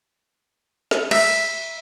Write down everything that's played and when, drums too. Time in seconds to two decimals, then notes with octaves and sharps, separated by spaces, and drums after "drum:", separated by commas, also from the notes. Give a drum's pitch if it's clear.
0.91 drum: snare
1.11 E5, drum: cymbal